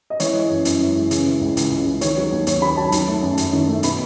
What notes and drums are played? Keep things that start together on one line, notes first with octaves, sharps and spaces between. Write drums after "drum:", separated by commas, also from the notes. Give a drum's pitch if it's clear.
D#5
E3 C#5, drum: hi-hat
G#3
F#2
F#2, drum: hi-hat
E3
G#3
C#3, drum: hi-hat
E3
C#2
C#2, drum: hi-hat
C#3
E3
D#3 C#5, drum: hi-hat
F#3
D#2
D#2 C#5, drum: hi-hat
D#3 B5
F#3 A5
D#3, drum: hi-hat
A3
F#2
F#2, drum: hi-hat
D#3
A3
B2 B5, drum: hi-hat